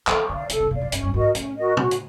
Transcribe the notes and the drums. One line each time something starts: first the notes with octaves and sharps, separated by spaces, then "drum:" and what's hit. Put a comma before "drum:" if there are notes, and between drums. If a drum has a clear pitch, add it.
E3 A4, drum: clap
D3 D5 F5
C#3 A4, drum: hi-hat
C3
B2 D5 F5
A#2
G#2 C#4, drum: hi-hat
G2
G#2 F#4 A#4 D#5
A2 C#4, drum: hi-hat
F#4 A#4 D#5
F#4, drum: tom
drum: hi-hat